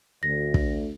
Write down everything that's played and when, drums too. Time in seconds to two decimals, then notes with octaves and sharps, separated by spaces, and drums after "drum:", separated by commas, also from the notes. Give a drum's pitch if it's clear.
0.23 D2 A#6
0.54 drum: kick